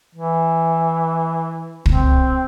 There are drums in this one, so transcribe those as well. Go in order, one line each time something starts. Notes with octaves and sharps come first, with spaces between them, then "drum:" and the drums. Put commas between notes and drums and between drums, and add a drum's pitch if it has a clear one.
E3
C4, drum: kick